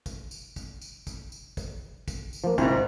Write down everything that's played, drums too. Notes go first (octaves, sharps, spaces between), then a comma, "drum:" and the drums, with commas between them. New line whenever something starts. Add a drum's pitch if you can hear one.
drum: kick, tambourine
drum: tambourine
drum: kick, tambourine
drum: tambourine
drum: kick, tambourine
drum: tambourine
drum: kick, tambourine
drum: kick, tambourine
drum: tambourine
F3 A#3
G#1 G#2 C3 E4, drum: kick, tambourine